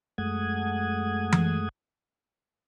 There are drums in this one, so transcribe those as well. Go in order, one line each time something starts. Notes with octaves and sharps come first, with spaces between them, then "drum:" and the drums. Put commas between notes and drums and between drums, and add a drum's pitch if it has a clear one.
F#2 G#3 A3 F#5 D#6 G#6
drum: tom E3